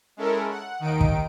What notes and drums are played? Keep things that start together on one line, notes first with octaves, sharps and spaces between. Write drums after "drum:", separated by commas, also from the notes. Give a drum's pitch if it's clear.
G#3 C#4 E4 A4 A#4
F#5
D#2 D#3 D#4 D7
drum: kick